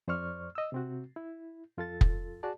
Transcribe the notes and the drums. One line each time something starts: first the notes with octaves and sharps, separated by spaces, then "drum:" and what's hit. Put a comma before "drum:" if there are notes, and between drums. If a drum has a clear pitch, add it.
F2 C5 D5 C#6 F6
D#5 E6
C3 C4 F#4
E4
F2 F4 A4 A6
drum: kick
F#4 G#4 D5 A5